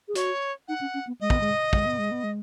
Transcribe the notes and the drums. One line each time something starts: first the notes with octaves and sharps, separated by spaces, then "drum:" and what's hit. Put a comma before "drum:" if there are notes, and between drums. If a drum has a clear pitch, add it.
G#4
F#4 C#5, drum: hi-hat
D#4 F#5
C#4
C#4
B3
G#3 D#5
B3, drum: kick
G#3
G#3, drum: kick
B3
G#3
B3
G#3